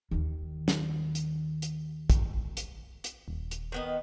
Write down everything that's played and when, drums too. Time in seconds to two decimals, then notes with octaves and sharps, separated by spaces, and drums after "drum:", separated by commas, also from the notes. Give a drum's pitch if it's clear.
0.11 D#2 D#3
0.68 drum: snare
1.15 drum: hi-hat
1.62 drum: hi-hat
2.10 drum: kick, hi-hat
2.57 drum: hi-hat
3.04 drum: hi-hat
3.28 D#1
3.51 drum: hi-hat
3.72 D#3 B3 D#5